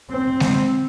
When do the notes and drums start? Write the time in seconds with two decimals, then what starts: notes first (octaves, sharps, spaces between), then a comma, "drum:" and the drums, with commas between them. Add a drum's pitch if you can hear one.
0.11 C4
0.40 drum: snare G#3